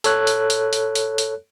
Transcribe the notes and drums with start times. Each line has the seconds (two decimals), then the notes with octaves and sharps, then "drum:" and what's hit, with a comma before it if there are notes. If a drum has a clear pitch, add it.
0.04 A4 C#5 F#6, drum: hi-hat
0.27 drum: hi-hat
0.50 drum: hi-hat
0.73 drum: hi-hat
0.95 drum: hi-hat
1.18 drum: hi-hat